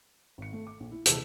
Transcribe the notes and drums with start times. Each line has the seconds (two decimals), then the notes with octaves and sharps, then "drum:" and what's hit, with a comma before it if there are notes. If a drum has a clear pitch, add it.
0.38 G#1 C#7
0.53 A3
0.67 D6
0.80 A#1
0.92 E4
1.06 D#1 C3 E3 G#4 A5 E6, drum: hi-hat